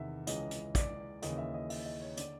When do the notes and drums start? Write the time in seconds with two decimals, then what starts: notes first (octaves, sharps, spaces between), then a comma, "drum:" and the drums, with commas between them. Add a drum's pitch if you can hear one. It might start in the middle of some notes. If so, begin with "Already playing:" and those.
Already playing: E2 C3 D#3 E5
0.27 C#2 C#3 E3 D#5, drum: hi-hat
0.51 drum: hi-hat
0.75 D5, drum: kick, hi-hat
1.22 D#2 C#3 E3 D#5, drum: hi-hat
1.38 E5
1.54 D#5
1.70 E5, drum: open hi-hat
1.86 D#5
2.01 C#5
2.17 D3 D5, drum: hi-hat